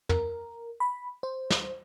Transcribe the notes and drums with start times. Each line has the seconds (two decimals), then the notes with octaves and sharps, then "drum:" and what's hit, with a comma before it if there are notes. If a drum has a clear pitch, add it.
0.09 A#4, drum: tom
0.80 B5
1.23 C5
1.50 drum: snare